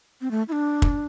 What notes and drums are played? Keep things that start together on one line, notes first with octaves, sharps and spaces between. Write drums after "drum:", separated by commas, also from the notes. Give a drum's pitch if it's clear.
C4
A3
E4
D4
drum: kick